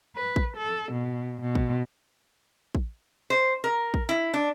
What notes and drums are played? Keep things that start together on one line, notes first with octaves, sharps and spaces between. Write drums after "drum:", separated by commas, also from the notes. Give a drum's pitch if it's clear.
B4
drum: kick
A4
B2
B2
drum: kick
drum: kick
C5
A#4
drum: kick
E4
D4